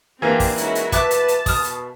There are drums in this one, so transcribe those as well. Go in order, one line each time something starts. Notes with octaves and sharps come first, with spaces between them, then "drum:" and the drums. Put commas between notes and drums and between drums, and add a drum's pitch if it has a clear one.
E3 A#3 C4 D4 G4
drum: kick, open hi-hat
G#3 C#4 D#4 E4 F#4 A#4, drum: hi-hat
drum: hi-hat
B2 B4 E5 A5 D6 F#6, drum: kick, hi-hat
drum: hi-hat
drum: hi-hat
B2 D#6 F6, drum: kick, open hi-hat
drum: hi-hat